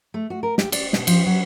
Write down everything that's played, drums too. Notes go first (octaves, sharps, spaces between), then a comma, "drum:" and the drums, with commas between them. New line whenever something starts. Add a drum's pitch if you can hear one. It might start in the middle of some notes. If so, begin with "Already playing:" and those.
A3
F#4
A#4
G4, drum: snare
D5, drum: cymbal
B2, drum: snare
F3, drum: cymbal
F#3